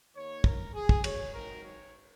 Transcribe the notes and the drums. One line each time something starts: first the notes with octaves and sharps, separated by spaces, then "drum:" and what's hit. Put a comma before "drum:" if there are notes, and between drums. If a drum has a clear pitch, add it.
D#2 D#3 A#3 C#5
A#4, drum: kick
G#4
drum: kick
C#5, drum: cymbal
G#1 G#2 D#3 F#3 A#4
C#5